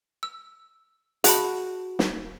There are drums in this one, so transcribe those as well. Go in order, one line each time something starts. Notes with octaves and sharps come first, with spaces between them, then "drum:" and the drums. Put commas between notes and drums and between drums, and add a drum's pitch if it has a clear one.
E6
F#4 G#4 A5 B5, drum: hi-hat
drum: snare